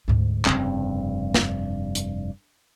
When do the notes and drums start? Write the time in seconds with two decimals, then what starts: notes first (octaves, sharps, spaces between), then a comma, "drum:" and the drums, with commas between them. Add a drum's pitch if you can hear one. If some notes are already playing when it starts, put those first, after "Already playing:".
0.08 D2 G#2
0.45 F1 G2 C#3 C4 C#4, drum: clap
1.34 D4, drum: snare
1.95 drum: hi-hat